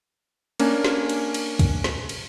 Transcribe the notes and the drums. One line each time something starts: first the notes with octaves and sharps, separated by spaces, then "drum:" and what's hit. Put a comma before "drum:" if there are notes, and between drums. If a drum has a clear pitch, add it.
A#3 C#4 D4 G#5, drum: cymbal
drum: snare
drum: cymbal
drum: cymbal
drum: kick, cymbal
drum: snare
drum: cymbal